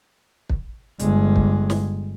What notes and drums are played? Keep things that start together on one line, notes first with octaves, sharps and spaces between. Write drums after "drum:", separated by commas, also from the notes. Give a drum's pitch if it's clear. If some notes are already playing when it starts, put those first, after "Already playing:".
drum: kick
G1 G#3, drum: hi-hat
drum: kick
drum: snare